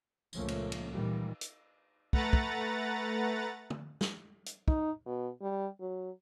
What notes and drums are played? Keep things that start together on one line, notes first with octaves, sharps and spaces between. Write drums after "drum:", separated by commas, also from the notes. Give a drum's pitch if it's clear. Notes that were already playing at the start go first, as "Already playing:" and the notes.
C#2 A#2 F3 A3 A#3 C#4, drum: tambourine
drum: cymbal
drum: cymbal
A#2 D#3 E3 G3
drum: hi-hat
A3 B4 F#5 A#5 A6, drum: kick
drum: kick
drum: tom
drum: snare
drum: hi-hat
D#4, drum: kick
B2
G3
F#3